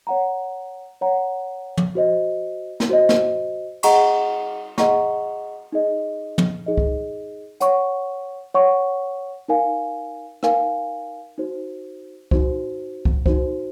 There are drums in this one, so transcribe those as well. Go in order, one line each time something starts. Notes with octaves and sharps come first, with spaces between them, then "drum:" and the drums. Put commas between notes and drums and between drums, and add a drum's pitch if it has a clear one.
C#5 F#5 A#5
C#5 F#5 A#5
drum: tom
F#4 C5 D#5
drum: snare
F#4 C5 D#5
drum: snare
G#4 D#5 F#5 A#5 C#6, drum: cymbal
G#4 D#5 F#5 A#5 C#6, drum: snare
D#4 G#4 D#5
drum: tom
D#4 G#4 D#5
drum: kick
C#5 F#5 C#6, drum: hi-hat
C#5 F#5 C#6
D#4 A#4 F5 G#5
D#4 A#4 F5 G#5, drum: rim click
D#4 F#4 C5
D#4 F#4 C5, drum: kick
drum: kick
D#4 F#4 C5, drum: kick